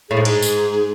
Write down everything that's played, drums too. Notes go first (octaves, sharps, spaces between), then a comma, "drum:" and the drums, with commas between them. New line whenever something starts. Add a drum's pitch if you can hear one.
A2 G#4
G#2
G#4, drum: cymbal
drum: tambourine